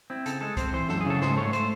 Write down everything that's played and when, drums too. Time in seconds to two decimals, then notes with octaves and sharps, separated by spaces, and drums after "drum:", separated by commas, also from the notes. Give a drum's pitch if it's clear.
0.10 C4 E4
0.26 C#3 A4, drum: hi-hat
0.41 G#3 A4
0.57 C4 C5, drum: kick C2, hi-hat
0.73 E3 C5
0.89 F#2 A4, drum: snare
1.01 G#4
1.06 C#3 A4
1.22 G#2 C5, drum: snare
1.37 A3 C#5
1.53 C5, drum: hi-hat